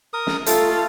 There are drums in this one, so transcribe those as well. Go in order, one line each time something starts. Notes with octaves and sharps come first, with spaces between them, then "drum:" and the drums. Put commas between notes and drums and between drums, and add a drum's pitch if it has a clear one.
A#4 D#6
drum: snare
A3 F4 A4, drum: hi-hat